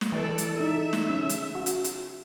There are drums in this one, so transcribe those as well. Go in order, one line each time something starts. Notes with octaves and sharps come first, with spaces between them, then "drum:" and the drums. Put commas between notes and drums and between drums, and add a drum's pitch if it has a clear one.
drum: snare
E3 A4 D5
drum: hi-hat
D#4 A4 E5
drum: snare
C#4 D#4
drum: hi-hat
F#4
drum: hi-hat
drum: hi-hat